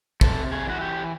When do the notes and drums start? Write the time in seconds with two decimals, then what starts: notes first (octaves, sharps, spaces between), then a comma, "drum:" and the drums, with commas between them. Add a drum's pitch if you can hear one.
0.21 C3 A4, drum: kick
0.52 G#4
0.67 E3 F#4
0.81 G4